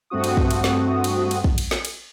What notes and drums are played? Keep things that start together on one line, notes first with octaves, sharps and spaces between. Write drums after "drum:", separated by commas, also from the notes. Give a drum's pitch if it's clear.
G2 A3 C4 F#4 D#6
drum: cymbal
drum: kick
drum: cymbal
drum: snare
drum: cymbal
drum: cymbal
drum: kick
drum: cymbal
drum: snare
drum: cymbal